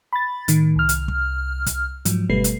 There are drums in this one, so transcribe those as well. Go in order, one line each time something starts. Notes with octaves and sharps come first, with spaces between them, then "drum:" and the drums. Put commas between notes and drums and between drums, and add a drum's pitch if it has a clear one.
B5 A6
A2 D#3, drum: hi-hat
C2 F6
drum: hi-hat
drum: kick
drum: kick, hi-hat
G#2 F3 F#3, drum: hi-hat
G1 B2 G3 A3 B4 C7
drum: hi-hat